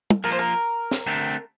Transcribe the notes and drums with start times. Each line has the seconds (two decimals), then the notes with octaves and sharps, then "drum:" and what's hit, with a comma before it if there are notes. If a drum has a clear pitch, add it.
0.10 drum: tom
0.24 F3 A#3 F4 A#4
0.32 C5
0.39 A#4
0.91 drum: snare
1.07 D3 A3 C4 G4